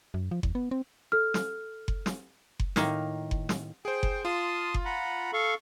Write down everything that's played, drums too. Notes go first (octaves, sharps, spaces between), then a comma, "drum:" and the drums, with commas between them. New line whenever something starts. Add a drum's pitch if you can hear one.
F#2
F3
E2, drum: kick F#1
B3
C4
A4 F6
drum: snare
drum: kick F#1
drum: snare
drum: kick F#1
A2 D#3 A#3, drum: snare
drum: kick F#1
drum: snare
G#4 C5 G5
drum: kick F#1
F4 A5 C6 D#6
drum: kick F#1
F#5 A#5 B5
A4 F5 C#6